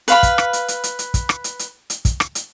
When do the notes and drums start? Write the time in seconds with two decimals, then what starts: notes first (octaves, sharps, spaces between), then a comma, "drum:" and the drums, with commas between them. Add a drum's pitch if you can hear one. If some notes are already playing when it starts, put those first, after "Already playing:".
0.08 B4 F5 B5, drum: hi-hat
0.23 drum: kick, hi-hat
0.38 drum: rim click
0.53 drum: hi-hat
0.68 drum: hi-hat
0.84 drum: hi-hat
0.99 drum: hi-hat
1.14 drum: kick, hi-hat
1.29 drum: rim click
1.44 drum: hi-hat
1.59 drum: hi-hat
1.90 drum: hi-hat
2.05 drum: kick, hi-hat
2.20 drum: rim click
2.35 drum: hi-hat